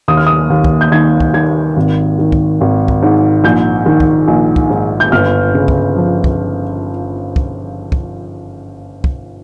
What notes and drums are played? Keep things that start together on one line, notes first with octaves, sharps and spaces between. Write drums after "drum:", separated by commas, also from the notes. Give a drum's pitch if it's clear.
D#2 D#6
F6
D#6
D#2
drum: kick
G6
D#3 G#6
drum: kick
D#3 G#6
G#1
D#3
drum: kick
G#1
drum: kick
G#2
A#1 G6
D#3
drum: kick
A#1
drum: kick
G#2
G6
G1 F6
C#3
drum: kick
F3
drum: kick
drum: kick
drum: kick
drum: kick